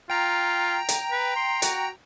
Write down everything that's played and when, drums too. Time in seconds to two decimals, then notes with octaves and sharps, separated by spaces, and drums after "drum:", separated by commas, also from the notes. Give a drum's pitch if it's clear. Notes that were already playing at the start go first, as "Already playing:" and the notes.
0.10 F4 G5 A#5
0.89 drum: hi-hat
1.11 B4
1.36 C6
1.62 F#4, drum: hi-hat